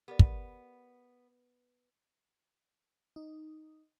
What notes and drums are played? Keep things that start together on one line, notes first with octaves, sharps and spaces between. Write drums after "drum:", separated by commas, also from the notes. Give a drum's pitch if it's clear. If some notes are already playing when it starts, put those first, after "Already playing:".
B3 G4 A#4 D5
drum: kick
D#4